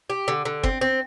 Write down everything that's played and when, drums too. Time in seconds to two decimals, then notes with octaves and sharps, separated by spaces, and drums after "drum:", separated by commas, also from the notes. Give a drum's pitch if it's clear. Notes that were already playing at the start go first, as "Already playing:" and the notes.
0.10 G4
0.28 D3
0.45 D3
0.63 C4, drum: kick
0.81 C4